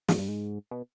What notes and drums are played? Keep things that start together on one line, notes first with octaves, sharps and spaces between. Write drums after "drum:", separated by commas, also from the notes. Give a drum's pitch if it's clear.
G#2, drum: snare
G2
G#2
B2